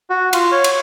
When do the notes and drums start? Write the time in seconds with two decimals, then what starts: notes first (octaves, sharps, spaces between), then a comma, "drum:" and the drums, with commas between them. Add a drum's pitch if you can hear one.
0.10 F#4
0.33 F4, drum: cymbal
0.52 C#5
0.64 drum: cymbal